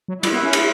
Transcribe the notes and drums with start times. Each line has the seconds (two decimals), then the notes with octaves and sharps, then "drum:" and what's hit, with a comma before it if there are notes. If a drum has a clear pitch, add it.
0.08 F#3
0.23 G3 E4, drum: cymbal
0.33 B3
0.43 C#4
0.53 drum: cymbal